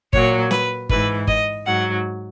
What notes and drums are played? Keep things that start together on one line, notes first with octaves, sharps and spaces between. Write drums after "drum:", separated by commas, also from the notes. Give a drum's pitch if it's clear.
A#2 F#3 C#5, drum: kick G1
B4, drum: snare
G#2 E3 B4, drum: kick G1
D#5, drum: kick G1
G#2 F#3 F#5